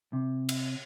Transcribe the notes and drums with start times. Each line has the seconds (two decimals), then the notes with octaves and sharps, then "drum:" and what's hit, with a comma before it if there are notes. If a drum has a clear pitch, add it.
0.13 C3
0.49 drum: cymbal